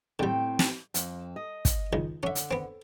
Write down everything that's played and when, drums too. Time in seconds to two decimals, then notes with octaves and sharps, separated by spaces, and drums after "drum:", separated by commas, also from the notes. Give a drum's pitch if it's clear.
0.19 A2 D3 G3 C4 G5
0.59 drum: snare
0.94 F2, drum: hi-hat
1.36 D#5
1.65 drum: kick, hi-hat
1.93 C#2 D#3
2.23 D3 C#4 E5
2.35 drum: hi-hat
2.51 B3 C4